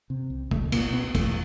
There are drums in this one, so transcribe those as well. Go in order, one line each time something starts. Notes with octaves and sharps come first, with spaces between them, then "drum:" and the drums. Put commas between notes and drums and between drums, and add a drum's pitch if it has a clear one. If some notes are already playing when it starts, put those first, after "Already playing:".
C3
C2
C#2 A3, drum: kick
B2 A#3, drum: cymbal
B2 B3
F2 A3, drum: kick, cymbal